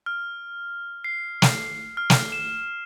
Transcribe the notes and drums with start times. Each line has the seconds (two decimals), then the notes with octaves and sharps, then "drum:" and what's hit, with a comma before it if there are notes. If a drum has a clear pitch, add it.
0.06 F6
1.04 C7
1.42 drum: snare
1.97 F6
2.10 drum: snare
2.32 E7